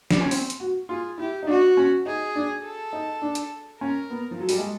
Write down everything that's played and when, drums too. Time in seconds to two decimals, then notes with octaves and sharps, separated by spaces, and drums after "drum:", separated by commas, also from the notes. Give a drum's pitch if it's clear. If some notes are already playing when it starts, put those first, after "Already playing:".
0.11 D4, drum: snare
0.21 C#4
0.31 C4, drum: open hi-hat
0.50 drum: hi-hat
0.60 F#4
0.89 F4 G#4
1.18 E4 G4
1.43 D#4
1.47 D4 F#4
1.77 C#4
2.06 D#4 G#4
2.36 D4
2.64 A4
2.93 D#4
3.22 D4
3.35 drum: hi-hat
3.81 C#4 A#4
4.10 B3
4.31 F3
4.39 F#3 A4
4.49 G3, drum: open hi-hat
4.58 G#3